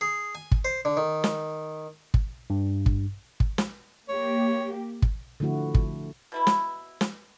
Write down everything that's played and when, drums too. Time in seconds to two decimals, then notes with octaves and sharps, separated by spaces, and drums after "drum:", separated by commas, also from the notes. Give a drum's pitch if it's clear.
0.01 G#4
0.35 G#5
0.51 drum: kick
0.65 C5
0.85 D3
0.97 D#3
1.24 drum: snare
2.14 drum: kick
2.50 G2
2.86 drum: kick
3.40 drum: kick
3.58 drum: snare
4.08 A#3 G4 C#5
5.02 drum: kick
5.40 D3 F3 A3 E4 F#4
5.74 drum: kick
6.32 B2 E4 B4
6.47 drum: snare
7.01 drum: snare